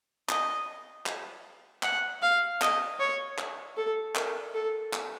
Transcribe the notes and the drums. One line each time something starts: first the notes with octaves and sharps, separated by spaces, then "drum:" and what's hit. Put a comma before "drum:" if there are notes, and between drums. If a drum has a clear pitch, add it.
D#5, drum: clap
drum: clap
F#5, drum: clap
F5
D#5, drum: clap
C#5
drum: clap
A4
A#4, drum: clap
A4
drum: clap